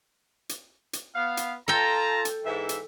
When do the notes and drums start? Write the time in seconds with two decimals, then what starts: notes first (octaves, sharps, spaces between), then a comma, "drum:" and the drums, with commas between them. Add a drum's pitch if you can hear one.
0.49 drum: hi-hat
0.93 drum: hi-hat
1.15 B3 F5
1.37 drum: hi-hat
1.68 F4 A4 G5 A5 A#5
2.25 drum: hi-hat
2.45 G#2 E3 E5
2.69 drum: hi-hat